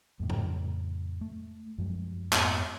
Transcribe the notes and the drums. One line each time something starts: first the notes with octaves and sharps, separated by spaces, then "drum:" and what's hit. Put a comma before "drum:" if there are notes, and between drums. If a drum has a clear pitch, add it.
F2 A2 C#3
drum: tom
A3
F#2 F3 F#3 G#3
F2 G#2 G#3 B3, drum: clap